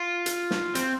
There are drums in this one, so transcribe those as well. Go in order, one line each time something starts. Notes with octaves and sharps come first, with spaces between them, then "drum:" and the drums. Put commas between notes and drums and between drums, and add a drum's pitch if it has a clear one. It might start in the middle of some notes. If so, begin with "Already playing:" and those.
Already playing: F4
drum: hi-hat
drum: snare
C4, drum: hi-hat